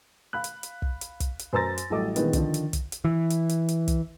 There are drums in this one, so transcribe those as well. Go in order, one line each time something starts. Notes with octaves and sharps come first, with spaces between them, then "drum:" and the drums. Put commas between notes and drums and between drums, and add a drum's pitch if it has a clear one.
F5 B5 F#6
drum: hi-hat
drum: hi-hat
drum: kick
drum: hi-hat
drum: kick, hi-hat
drum: hi-hat
F#2 C5 A#5 E6 A6 A#6
drum: hi-hat
A1 F#3 G3 A4 D#5 D6
A#2 D#3 E3 G#3 B3 C4, drum: hi-hat
D3 D#3 F3, drum: kick, hi-hat
drum: hi-hat
drum: kick, hi-hat
drum: hi-hat
E3
drum: hi-hat
drum: hi-hat
drum: hi-hat
drum: kick, hi-hat